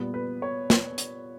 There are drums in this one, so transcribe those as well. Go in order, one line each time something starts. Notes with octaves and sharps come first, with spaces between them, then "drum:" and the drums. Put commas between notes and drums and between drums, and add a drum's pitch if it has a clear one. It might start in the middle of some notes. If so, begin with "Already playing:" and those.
Already playing: A#2 G3 B3
B4
C#5
drum: snare
drum: hi-hat